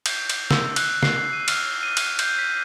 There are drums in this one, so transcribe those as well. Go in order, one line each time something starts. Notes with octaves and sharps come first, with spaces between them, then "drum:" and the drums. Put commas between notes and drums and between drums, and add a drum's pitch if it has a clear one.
G6, drum: cymbal
drum: cymbal
E6, drum: snare
F#6, drum: cymbal
C7, drum: snare
D#7
F6, drum: cymbal
D#7
drum: cymbal
G6, drum: cymbal
B6